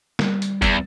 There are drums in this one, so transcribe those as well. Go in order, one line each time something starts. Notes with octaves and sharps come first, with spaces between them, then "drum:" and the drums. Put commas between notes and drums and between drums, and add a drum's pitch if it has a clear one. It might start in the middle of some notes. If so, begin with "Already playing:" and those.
G3, drum: snare
drum: hi-hat
E2, drum: kick, hi-hat